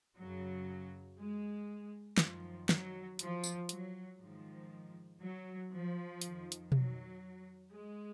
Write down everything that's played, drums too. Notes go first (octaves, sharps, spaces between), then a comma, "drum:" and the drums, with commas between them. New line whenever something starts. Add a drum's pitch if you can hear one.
F#2 C#3 F#3
G#3
F#2 D#3 F3, drum: snare
F#3, drum: snare
F3, drum: hi-hat
drum: tambourine
F#3, drum: hi-hat
G#2 D#3 F3
F#3
F3
F2 D#3, drum: hi-hat
drum: hi-hat
F#3, drum: tom B2
G#3